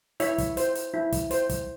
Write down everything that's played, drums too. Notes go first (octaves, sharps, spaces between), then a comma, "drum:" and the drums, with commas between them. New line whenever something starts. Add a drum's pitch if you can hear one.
E4 C#5 E5, drum: hi-hat
drum: kick, hi-hat
C5, drum: hi-hat
drum: hi-hat
E4
drum: kick, hi-hat
C5, drum: hi-hat
drum: kick, hi-hat